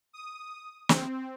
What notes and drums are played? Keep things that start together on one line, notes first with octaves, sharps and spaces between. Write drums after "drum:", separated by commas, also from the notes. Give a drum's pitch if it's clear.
D#6
C4, drum: snare